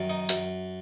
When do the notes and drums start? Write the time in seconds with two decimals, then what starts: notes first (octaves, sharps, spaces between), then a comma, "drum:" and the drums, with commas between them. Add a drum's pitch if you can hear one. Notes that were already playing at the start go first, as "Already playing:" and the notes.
Already playing: F#2 D#3
0.10 D#4
0.29 F#2, drum: hi-hat